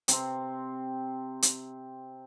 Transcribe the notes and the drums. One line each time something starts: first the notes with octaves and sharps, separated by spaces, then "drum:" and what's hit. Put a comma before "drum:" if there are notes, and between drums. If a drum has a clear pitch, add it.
C3 C4, drum: hi-hat
drum: hi-hat